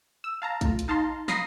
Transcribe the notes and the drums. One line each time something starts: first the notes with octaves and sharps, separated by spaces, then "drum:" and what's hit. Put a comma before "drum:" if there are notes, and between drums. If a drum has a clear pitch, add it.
E6
F5 A5 A#5
A3 F4, drum: kick, hi-hat
drum: hi-hat
D#4 F5 A5 A#5 C6
F5 A#5 B5 D#6 A#6 C7, drum: snare